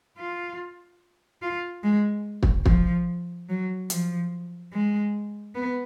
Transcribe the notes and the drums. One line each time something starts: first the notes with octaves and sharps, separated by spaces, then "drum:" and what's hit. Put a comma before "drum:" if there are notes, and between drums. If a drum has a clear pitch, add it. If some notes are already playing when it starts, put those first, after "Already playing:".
F4
F4
G#3
drum: kick
F3, drum: kick
F#3
F3, drum: hi-hat
G#3
B3